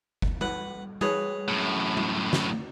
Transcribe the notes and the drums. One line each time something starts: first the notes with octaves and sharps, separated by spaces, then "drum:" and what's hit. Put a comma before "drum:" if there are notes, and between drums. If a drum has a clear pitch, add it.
drum: kick F#1
B4 F#5, drum: tom G3
G#4 B4 C#5, drum: tom G3
F#2 A2
drum: tom G3
drum: snare